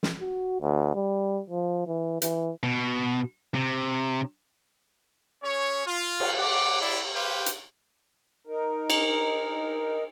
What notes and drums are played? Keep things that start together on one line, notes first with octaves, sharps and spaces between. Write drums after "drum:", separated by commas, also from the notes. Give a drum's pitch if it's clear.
drum: snare
F#4
D2
G3
F3
E3
E3, drum: hi-hat
B2
C3
C#4 G#4 C#5
F4
drum: cymbal
F#5 D6
E4 D5
G4 B4 C5 F5 G5
drum: hi-hat
D#4 A#4
drum: cymbal